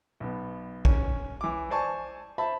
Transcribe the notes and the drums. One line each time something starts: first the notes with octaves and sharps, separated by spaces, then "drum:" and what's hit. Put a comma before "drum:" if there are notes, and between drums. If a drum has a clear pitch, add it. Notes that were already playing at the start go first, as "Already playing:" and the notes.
B1 B3
C#4, drum: kick
E3 D6
C5 D5 G#5 A5 C#6
C5 E5 A5 B5